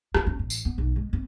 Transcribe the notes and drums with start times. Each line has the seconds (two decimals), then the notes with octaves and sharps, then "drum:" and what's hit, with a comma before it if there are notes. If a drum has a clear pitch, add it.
0.15 B3, drum: rim click
0.27 C#4
0.39 A1
0.50 drum: tambourine
0.65 B3
0.78 B1
0.96 G#3
1.13 C4